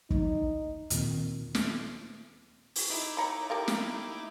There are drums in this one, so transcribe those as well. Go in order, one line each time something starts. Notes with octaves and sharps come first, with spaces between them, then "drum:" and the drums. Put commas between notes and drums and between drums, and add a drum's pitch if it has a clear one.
D#4, drum: kick
D#2 A#2 D#3 C4, drum: hi-hat
drum: snare
drum: open hi-hat
D#4 E4 D6
C#5 A#5 B5
G4 A#4 F5
drum: snare